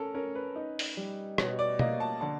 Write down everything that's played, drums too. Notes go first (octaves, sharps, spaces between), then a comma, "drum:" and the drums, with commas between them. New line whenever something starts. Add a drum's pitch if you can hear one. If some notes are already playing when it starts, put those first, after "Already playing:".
Already playing: C#4 A4 A#4
C#4 A#4
B4
D#4
drum: open hi-hat
G3
B2 C#5, drum: rim click
D5
A#3 D#5, drum: tom B2
A5
D3 A5